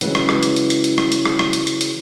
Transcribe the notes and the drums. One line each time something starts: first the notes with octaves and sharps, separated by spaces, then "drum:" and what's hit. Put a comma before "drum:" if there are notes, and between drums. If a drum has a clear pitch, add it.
C#3 E3 F#3 G#3, drum: hi-hat
drum: rim click
drum: rim click
drum: hi-hat
drum: hi-hat
drum: hi-hat
drum: hi-hat
drum: rim click
drum: hi-hat
drum: rim click
drum: rim click
drum: hi-hat
drum: hi-hat
drum: hi-hat